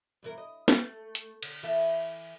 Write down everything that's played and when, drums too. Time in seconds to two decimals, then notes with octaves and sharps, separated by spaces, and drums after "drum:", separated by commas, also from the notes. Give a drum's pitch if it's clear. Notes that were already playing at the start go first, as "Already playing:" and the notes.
0.23 G2 E3 A#4
0.38 D#5
0.68 A3, drum: snare
1.15 drum: hi-hat
1.43 D3, drum: cymbal
1.63 E3 A4 E5